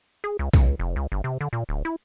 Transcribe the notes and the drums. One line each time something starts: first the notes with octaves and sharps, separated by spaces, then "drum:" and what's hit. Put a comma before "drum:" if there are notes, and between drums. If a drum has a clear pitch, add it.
G#4
C#2
C#2, drum: kick B1, hi-hat
F1
C#2
G1
C3
D3
A#2
D1
E4